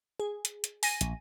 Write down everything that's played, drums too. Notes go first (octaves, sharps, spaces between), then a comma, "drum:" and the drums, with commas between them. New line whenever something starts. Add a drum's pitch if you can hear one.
G#4
drum: hi-hat
drum: hi-hat
G#5 A#6 D#7, drum: open hi-hat
A#1, drum: hi-hat